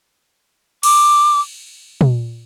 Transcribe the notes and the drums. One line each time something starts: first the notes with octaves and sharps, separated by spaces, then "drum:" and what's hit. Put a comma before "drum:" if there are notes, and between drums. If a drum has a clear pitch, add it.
D6, drum: cymbal
drum: tom